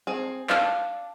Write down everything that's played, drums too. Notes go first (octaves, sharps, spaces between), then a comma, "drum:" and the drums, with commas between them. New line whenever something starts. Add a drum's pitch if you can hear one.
C4 G#4
D4 F5, drum: clap